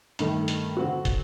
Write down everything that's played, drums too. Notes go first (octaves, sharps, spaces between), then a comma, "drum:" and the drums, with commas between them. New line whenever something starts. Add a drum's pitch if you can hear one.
G2 D#3 A3, drum: hi-hat
drum: hi-hat
D3 F#3 C4 F#4
drum: kick, hi-hat